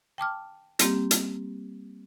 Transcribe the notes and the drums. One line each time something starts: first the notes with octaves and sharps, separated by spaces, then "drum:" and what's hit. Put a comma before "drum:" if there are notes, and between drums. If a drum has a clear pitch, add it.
G5 A5 D6 F6
G3 A#3 C4 G4, drum: hi-hat
drum: hi-hat